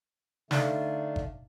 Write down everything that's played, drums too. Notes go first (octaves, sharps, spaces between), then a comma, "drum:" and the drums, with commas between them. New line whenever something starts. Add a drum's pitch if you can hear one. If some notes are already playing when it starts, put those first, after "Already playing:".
D3 A3 D#4 D5 F5, drum: snare
drum: kick G1